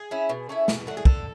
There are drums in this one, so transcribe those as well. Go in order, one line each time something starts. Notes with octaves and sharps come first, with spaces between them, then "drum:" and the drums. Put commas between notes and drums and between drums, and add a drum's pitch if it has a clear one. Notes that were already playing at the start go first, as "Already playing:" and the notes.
Already playing: G#4
C#4 E4
B2
A3 C#4 E4
B2, drum: snare
A3 D4 F#4
G#4
D3 A4, drum: kick